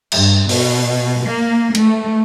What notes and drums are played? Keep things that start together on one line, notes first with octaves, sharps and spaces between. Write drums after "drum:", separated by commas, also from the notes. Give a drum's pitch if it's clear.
G2, drum: cymbal
B2, drum: open hi-hat
A#3
A3, drum: cymbal